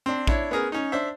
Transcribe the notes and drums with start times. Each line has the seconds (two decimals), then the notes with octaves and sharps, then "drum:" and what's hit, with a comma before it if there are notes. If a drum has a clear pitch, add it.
0.06 C4 D4
0.27 D4 E4 C#5, drum: kick
0.51 B3 C#4 G#4 A#4
0.72 C#4 D#4
0.92 D4 C5 E5